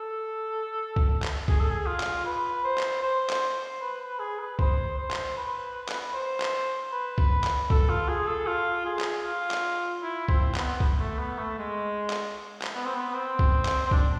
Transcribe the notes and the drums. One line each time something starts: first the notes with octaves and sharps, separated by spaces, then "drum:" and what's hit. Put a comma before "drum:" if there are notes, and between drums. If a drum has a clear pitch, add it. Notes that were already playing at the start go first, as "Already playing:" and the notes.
Already playing: A4
drum: kick
drum: clap
G#4, drum: kick
A4
G#4
F4
drum: clap
B4
C5
drum: clap
C5
drum: clap
B4
B4
G#4
B4
C5, drum: kick
C5
drum: clap
B4
drum: clap
C5
drum: clap
B4
drum: kick
drum: clap
A4, drum: kick
F4
G#4
A4
F4
G#4
drum: clap
F4
drum: clap
E4
C4, drum: kick
B3, drum: clap
drum: kick
A3
B3
A3
G#3
drum: clap
drum: clap
B3
C4
B3
C4
drum: kick
drum: clap
C4
D4, drum: kick